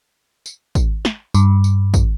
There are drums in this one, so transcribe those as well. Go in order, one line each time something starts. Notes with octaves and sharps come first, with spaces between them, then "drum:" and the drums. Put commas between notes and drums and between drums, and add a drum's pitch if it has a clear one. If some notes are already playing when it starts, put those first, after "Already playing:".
drum: tambourine
drum: kick, tambourine
drum: snare
G2, drum: tambourine
drum: tambourine
drum: kick, tambourine